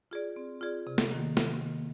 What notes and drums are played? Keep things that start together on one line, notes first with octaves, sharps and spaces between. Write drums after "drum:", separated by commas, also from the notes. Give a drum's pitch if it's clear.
F4 G#4 D5
C4
F4 G#4 D5
C3
drum: snare
D#3 A#3
C3, drum: snare
D#3 A#3